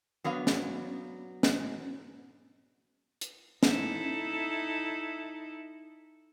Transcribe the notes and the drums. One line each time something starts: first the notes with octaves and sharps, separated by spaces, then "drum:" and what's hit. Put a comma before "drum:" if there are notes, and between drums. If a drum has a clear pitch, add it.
F#3 B3 D4 F5
drum: snare
drum: snare
drum: hi-hat
D#4 E4 A4, drum: snare